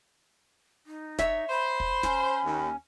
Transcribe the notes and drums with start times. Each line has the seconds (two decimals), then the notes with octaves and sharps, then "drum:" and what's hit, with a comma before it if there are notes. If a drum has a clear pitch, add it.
0.86 D#4
1.19 C#5 E5, drum: snare
1.50 C5 B5
1.80 drum: kick
2.03 C#4, drum: snare
2.45 D#2